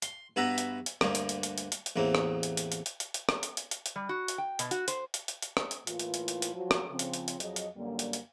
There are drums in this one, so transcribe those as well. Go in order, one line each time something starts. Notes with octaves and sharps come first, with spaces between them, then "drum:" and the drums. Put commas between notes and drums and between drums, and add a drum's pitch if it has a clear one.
C6, drum: hi-hat
G2 B3 F#4 B4 E5 A#5
drum: hi-hat
drum: hi-hat
D2 G2 A#3, drum: rim click
drum: hi-hat
drum: hi-hat
drum: hi-hat
drum: hi-hat
drum: hi-hat
drum: hi-hat
A1 E2 A#3 C4
drum: rim click
drum: hi-hat
drum: hi-hat
drum: hi-hat
drum: hi-hat
drum: hi-hat
drum: hi-hat
drum: rim click
drum: hi-hat
drum: hi-hat
drum: hi-hat
drum: hi-hat
G3
F#4
drum: hi-hat
G5
B2, drum: hi-hat
F#4, drum: hi-hat
C5, drum: hi-hat
drum: hi-hat
drum: hi-hat
drum: hi-hat
drum: rim click
drum: hi-hat
A2 E3 A#3 F4, drum: hi-hat
drum: hi-hat
drum: hi-hat
drum: hi-hat
drum: hi-hat
F3 F#3
drum: rim click
C#3 F3 C4
drum: hi-hat
drum: hi-hat
drum: hi-hat
F2 F#3 G#4 D#5, drum: hi-hat
drum: hi-hat
F#2 D3 G3 A#3
drum: hi-hat
drum: hi-hat